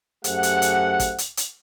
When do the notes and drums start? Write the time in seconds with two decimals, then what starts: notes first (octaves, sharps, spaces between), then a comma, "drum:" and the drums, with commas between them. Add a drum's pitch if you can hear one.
0.24 F#2 A3 G4 G#4 C5 F#5, drum: hi-hat
0.43 drum: hi-hat
0.62 drum: hi-hat
1.00 drum: kick, hi-hat
1.18 drum: hi-hat
1.37 drum: hi-hat